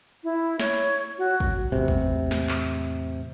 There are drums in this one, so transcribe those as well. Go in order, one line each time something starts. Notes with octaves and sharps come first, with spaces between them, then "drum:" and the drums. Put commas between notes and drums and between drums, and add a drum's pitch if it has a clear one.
E4
C#5, drum: snare
F#4
drum: kick
E2 A2 C3
drum: kick
drum: snare
drum: clap